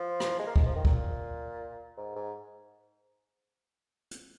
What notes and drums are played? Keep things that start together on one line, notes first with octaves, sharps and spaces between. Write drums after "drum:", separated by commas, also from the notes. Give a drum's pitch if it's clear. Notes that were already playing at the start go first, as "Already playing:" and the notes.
Already playing: F3
drum: rim click
G#3
A#3
G#3, drum: kick
F3
D#3
A#2, drum: kick
G#2
G#2
drum: hi-hat